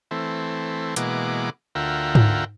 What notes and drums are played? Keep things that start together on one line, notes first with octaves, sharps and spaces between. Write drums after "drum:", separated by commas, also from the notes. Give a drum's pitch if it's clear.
E3 A3 C4
B2 E3 G#3 A#3 F#5 D6, drum: hi-hat
D2 F4 A#4 E5 F#5 G5
drum: tom G#2